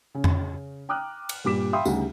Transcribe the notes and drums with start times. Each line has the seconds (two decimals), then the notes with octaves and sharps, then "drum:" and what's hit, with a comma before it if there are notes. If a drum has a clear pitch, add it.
0.14 C#3 C#4
0.24 drum: tom F2
0.89 G5 A#5 D6 D#6 F6 F#6
1.29 drum: cymbal
1.44 G2 A#2 G3 D6 B6 E7
1.73 E5 F5 G5 B5 C6 D#6
1.85 D2 C#3 G3 D#4 G#4, drum: tambourine